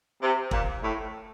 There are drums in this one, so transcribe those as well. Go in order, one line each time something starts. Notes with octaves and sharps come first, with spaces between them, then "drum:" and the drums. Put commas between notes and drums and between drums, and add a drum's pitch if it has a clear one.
C3
A#2, drum: kick
A2